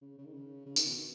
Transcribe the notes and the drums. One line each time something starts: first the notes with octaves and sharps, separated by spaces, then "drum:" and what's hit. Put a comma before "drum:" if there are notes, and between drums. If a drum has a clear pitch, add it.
C#3
C#3
D#3
C#3
C#3
D#3, drum: tambourine
B2